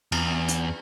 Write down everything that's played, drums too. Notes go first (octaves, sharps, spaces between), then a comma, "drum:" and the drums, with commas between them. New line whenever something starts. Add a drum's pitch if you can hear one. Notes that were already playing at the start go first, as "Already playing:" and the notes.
E2, drum: cymbal
drum: hi-hat